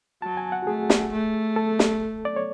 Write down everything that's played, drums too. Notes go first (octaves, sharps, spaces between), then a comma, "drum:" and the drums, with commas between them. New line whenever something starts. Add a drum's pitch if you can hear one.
F#3 A5
G#5
F#5
F#4
A3 G#4
drum: snare
A3
A4
drum: snare
D5
C#5